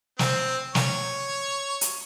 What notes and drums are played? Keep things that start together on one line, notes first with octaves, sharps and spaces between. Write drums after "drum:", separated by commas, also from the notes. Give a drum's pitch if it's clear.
C4, drum: snare
C#5, drum: snare
drum: hi-hat